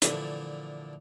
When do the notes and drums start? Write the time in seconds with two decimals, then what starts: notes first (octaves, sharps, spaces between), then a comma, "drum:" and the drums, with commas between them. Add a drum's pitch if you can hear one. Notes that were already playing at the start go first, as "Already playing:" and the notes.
0.02 A#2 D3 E3 F3 A3, drum: hi-hat